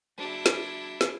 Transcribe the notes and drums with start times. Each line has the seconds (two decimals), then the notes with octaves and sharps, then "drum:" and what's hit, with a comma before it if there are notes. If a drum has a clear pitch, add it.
0.18 G3 D4 E4 F#4 G#4
0.46 drum: snare
1.01 drum: snare